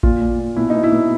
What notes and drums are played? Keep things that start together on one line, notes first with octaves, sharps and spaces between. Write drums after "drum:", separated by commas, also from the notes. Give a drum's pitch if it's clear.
A#2 F4, drum: kick A1
A#2
A#2
B2 E4
B2 D#4
E4
B2